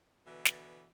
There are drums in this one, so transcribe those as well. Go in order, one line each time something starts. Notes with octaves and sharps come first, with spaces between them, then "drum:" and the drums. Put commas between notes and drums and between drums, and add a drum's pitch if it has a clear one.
B2 D3 E3
drum: snare